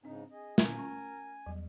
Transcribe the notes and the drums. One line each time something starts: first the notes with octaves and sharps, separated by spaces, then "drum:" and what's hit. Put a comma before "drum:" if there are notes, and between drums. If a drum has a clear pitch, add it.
G#2 C#3 C4 D4 D#4
G#4 D#5
A3 C#4 A#4 G#5, drum: snare
C#4 F4 C#6
E2 F#3 G3